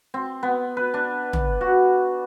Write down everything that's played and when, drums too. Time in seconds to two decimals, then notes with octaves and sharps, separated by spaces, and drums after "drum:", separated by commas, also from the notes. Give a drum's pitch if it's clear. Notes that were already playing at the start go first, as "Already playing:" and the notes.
0.14 C4
0.43 B3
0.77 B4
0.94 D4
1.33 drum: tom
1.61 F#4